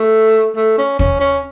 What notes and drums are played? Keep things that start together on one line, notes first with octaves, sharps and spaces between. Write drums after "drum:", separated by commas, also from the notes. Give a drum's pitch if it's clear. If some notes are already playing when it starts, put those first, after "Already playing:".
Already playing: A3
A3
C#4
C#4, drum: kick
C#4